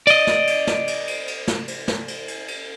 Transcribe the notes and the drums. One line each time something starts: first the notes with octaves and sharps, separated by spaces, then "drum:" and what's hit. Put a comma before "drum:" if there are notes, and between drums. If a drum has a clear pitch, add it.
D5 D#5, drum: cymbal
drum: snare
drum: cymbal
drum: snare
drum: cymbal
drum: cymbal
drum: cymbal
drum: snare
drum: cymbal
drum: snare
drum: cymbal
drum: cymbal
drum: cymbal